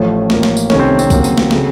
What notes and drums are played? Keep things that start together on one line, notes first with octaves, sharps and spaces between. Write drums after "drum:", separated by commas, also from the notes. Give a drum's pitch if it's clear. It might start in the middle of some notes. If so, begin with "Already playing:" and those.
Already playing: A1 A2 F3 A3 C#4
A1 A2 F3 A#3, drum: snare
drum: snare
drum: tambourine
C2 C3 D#3 A3 C#4, drum: snare
C4
C4, drum: tambourine
D#2 C#3 F#3 A#3, drum: kick B1, tambourine
drum: tambourine
drum: snare
C#3 F#3 A3, drum: snare